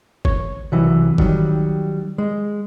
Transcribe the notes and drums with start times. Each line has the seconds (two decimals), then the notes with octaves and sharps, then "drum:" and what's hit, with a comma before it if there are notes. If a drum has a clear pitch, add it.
0.25 C#5, drum: kick
0.72 C2 E3 F#3
1.18 D#3 F#3 G3, drum: kick
2.18 G#3